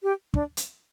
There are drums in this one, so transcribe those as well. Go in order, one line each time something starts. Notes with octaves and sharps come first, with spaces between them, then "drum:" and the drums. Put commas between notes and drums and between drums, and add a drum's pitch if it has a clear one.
G4
D4, drum: kick
drum: hi-hat